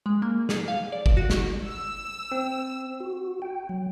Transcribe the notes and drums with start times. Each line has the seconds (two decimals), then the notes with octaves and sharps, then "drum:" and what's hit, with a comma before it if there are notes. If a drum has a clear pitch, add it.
0.06 G#3
0.22 A#3
0.49 G#4, drum: snare
0.68 F5
0.92 D5
1.06 D5, drum: kick
1.17 F#4
1.30 drum: snare
1.66 E6
2.32 C4
3.00 F#4
3.42 G5
3.69 F#3